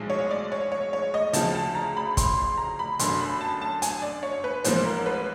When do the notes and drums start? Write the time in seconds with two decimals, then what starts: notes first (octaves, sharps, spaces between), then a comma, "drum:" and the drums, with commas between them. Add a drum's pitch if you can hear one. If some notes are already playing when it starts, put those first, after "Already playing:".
Already playing: B1 A2 F3 G#3
0.10 C#5
0.31 D5
0.52 C#5
0.72 C#5
0.93 C#5
1.14 D#5
1.33 D2 C#3 F3 A5, drum: hi-hat
1.55 A5
1.75 A#5
1.97 B5
2.17 C6, drum: kick, hi-hat
2.38 C6
2.57 A#5
2.79 B5
2.99 G1 F#2 D3 C6, drum: hi-hat
3.21 B5
3.41 A5
3.62 A5
3.82 G#5, drum: hi-hat
4.02 D5
4.23 C#5
4.44 B4
4.64 A1 G#2 F3 A#3 C5, drum: hi-hat
4.85 A#4
5.06 B4